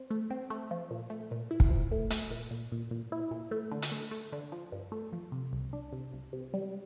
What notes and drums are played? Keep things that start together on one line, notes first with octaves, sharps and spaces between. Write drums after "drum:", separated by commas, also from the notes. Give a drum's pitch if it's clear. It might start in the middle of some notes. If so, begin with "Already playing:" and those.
Already playing: C4
A3
C4
A3
F3
A#2
A3
A#2
E4
drum: kick
F3
A3
A3, drum: hi-hat
A#2
A#2
A#2
A#2
E4
A#2
A3
D3
drum: hi-hat
A3
A3
D3
F3
G2
A3
F3
C3
C2
D4
C3
C2
C3
G3